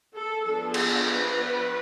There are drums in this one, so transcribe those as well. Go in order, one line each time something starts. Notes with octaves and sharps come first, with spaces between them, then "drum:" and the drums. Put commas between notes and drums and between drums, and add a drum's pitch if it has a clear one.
A4
F3 B3 D4 A4
G#4, drum: cymbal
B4